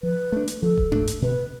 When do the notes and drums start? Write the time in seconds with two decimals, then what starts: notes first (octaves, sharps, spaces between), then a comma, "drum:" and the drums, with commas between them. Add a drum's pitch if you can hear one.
0.03 F3 B4
0.32 A3 D4
0.48 drum: hi-hat
0.62 F3 A4
0.77 drum: kick D#1
0.92 A3 D4, drum: tom G2
1.07 drum: hi-hat
1.22 B2 B4